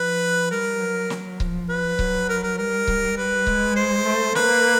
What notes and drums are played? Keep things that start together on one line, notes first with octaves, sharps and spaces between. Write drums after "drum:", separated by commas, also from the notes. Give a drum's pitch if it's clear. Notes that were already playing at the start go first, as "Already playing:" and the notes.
Already playing: F3 B4
G3 A#4
F#3
drum: snare
F3, drum: kick C#1
B4
F#3, drum: kick C#1
A#4
A#4
G3 A#4
drum: kick C#1
B4
G#3, drum: kick C#1
C5
A3
A#3 B4, drum: snare